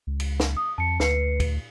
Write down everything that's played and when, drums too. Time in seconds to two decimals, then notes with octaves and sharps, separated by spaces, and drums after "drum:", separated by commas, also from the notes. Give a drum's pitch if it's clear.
0.07 C#2
0.20 drum: cymbal
0.40 drum: snare
0.57 D#6
0.78 F2 A5 C#7
1.00 D2 B4 C7 C#7, drum: snare
1.40 drum: kick, cymbal